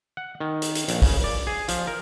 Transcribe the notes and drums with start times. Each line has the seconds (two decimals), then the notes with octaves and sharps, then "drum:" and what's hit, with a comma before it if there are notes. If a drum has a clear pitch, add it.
0.17 F#5
0.40 D#3
0.62 drum: hi-hat
0.75 drum: hi-hat
0.88 A#1, drum: hi-hat
1.02 C#3, drum: kick, open hi-hat
1.24 D5
1.47 G#4
1.68 F3, drum: hi-hat
1.87 A#4